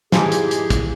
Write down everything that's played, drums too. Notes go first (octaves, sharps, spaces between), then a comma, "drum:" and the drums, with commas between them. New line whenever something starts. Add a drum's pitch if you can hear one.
G#2 E3 F3 D#4 G4 G#4, drum: snare
drum: hi-hat
drum: hi-hat
drum: kick, hi-hat